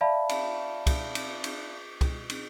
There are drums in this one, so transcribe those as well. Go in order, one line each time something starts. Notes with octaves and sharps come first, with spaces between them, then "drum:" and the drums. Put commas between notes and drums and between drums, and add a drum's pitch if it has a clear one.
D5 E5 F5 A5 B5
drum: cymbal
drum: kick, cymbal
drum: cymbal
drum: cymbal
drum: kick, cymbal
drum: cymbal